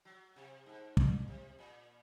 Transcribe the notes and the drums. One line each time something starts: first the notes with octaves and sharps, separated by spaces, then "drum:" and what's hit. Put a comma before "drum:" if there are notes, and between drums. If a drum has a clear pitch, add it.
F#3
C3
G#2
A#2, drum: kick
C3
A#2